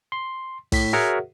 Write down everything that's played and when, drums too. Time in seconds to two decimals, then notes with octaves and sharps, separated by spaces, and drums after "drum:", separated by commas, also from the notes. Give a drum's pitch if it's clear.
0.12 C6
0.72 A2 B6, drum: kick, open hi-hat
0.93 F#4 G#4 A#4 C#5 E5 F#5